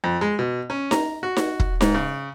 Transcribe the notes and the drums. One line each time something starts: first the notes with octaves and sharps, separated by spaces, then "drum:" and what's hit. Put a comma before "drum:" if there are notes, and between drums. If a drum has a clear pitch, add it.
F2
G#3
B2
C#4
A#5, drum: snare D#4
F#4
drum: snare D#4
drum: kick
G#2, drum: snare D#4
C#3